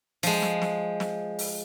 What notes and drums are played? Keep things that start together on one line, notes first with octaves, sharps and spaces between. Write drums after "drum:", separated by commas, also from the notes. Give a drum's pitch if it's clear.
F3 G#3, drum: open hi-hat
drum: snare
drum: snare
drum: snare
drum: open hi-hat